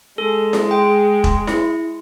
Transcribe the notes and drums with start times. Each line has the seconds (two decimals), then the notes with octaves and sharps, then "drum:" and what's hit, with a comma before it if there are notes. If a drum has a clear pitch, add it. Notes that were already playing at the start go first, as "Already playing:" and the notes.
0.18 G#3 A4
0.53 drum: snare E4
0.71 G5
1.24 drum: kick E1
1.47 E4, drum: snare E4